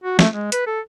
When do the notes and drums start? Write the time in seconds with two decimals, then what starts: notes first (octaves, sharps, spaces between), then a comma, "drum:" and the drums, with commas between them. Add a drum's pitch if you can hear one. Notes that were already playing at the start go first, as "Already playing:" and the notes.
0.04 F#4
0.19 A3, drum: snare
0.33 G#3
0.52 B4, drum: hi-hat
0.67 A4